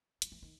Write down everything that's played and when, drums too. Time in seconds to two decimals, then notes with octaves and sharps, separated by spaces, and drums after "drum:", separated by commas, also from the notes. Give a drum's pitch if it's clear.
0.22 F3, drum: hi-hat
0.32 E3
0.43 D#3